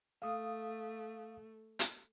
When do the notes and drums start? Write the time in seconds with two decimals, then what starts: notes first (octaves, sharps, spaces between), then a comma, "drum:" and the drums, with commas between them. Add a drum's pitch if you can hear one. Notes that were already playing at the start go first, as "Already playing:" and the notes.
0.22 A3 F5 D#6
1.79 drum: hi-hat